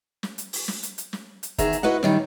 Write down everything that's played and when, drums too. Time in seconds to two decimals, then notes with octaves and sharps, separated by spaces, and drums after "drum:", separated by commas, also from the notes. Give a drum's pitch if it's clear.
0.23 drum: snare
0.38 drum: hi-hat
0.53 drum: open hi-hat
0.68 drum: snare
0.83 drum: hi-hat
0.98 drum: hi-hat
1.13 drum: snare
1.43 drum: hi-hat
1.58 E2 D#3 G#4 E5 A#5, drum: kick F#1, hi-hat
1.73 drum: hi-hat
1.83 E4 F#4 B4 D#5 F#5
2.03 F#2 D#3 G3, drum: snare